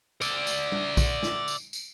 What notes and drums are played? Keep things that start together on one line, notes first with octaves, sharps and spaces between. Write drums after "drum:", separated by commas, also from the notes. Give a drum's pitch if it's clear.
D5 E5, drum: tambourine
drum: tambourine
drum: tom G3
drum: kick A#1, tambourine
drum: snare
drum: tambourine
drum: tambourine